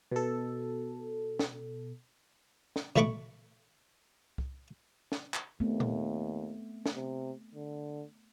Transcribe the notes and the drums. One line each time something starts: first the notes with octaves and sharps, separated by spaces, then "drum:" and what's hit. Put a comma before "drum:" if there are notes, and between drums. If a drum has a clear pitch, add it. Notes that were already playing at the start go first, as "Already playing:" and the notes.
B2 A4
drum: snare
drum: snare
B2 E3 A3 B4 C#6 D6, drum: tom A#2
drum: kick C2
drum: snare
drum: clap
D#2 A3 B3 C4
drum: tom A#2
drum: snare
C3
D3